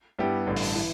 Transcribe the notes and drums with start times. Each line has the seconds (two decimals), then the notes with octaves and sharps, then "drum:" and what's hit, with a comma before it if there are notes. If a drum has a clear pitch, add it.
0.19 G2 G3 B3 E4 G4
0.47 A1 G2 D3
0.56 drum: open hi-hat
0.76 E3